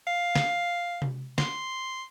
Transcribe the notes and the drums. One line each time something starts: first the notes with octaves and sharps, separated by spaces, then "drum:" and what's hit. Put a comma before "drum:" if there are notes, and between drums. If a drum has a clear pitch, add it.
F5
drum: snare
drum: tom C3
C6, drum: snare